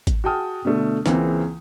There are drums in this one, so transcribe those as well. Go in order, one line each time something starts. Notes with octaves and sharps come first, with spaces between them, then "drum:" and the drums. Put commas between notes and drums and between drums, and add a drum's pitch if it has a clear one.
drum: kick G#1, hi-hat
F#4 G#4 G5 A5 D#6 F6
B2 D3 A3
C#2 C#3 E3 A#3 C4, drum: snare